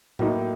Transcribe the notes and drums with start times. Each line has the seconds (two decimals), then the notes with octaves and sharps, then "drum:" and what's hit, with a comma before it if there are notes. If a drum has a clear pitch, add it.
0.19 A2 F#3 A#3 D#4, drum: tom A2